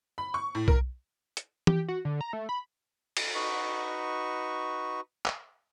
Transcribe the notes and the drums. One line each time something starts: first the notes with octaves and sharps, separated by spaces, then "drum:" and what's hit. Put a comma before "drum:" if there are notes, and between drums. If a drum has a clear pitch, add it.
B5
C#6
A2
A#4, drum: kick B1
drum: hi-hat
G4, drum: tom E3
F#4
D3
A#5
A3
B5
drum: cymbal
D#4 F#4 B4 C#6
drum: clap